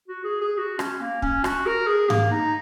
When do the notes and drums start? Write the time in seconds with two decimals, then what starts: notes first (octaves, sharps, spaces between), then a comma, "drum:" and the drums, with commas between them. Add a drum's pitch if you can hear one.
0.08 F#4
0.24 G#4
0.41 G#4
0.58 F#4
0.79 C#4, drum: rim click
1.01 A#3
1.22 C#4, drum: kick
1.44 F#4, drum: rim click
1.66 A#4
1.87 G#4
2.10 A#3, drum: tom G#2
2.31 D#4